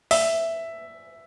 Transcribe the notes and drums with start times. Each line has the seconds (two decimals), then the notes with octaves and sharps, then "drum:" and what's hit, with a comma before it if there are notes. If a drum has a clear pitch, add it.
0.11 E5, drum: open hi-hat